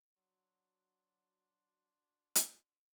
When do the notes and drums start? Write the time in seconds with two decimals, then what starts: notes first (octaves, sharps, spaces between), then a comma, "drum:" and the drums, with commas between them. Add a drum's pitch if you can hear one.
0.17 F#3 D4 F#4 C6
2.35 drum: hi-hat